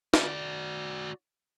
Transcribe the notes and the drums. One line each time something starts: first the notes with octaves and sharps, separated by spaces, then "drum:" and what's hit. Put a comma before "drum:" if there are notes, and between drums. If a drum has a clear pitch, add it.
F#4 D5, drum: snare